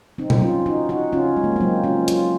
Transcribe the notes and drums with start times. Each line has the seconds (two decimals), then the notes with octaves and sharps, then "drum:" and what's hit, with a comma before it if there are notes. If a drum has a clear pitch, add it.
0.18 C4 D#4
0.30 drum: tom A#2
0.42 C#4 F4
0.66 D#4 F#4
0.89 D#4 F#4
1.12 C#4 F4
1.36 G#3
1.44 A#3
1.52 G#3 C4
1.60 F#3 A#3
1.84 C#4 F4
2.08 C#4 F4, drum: hi-hat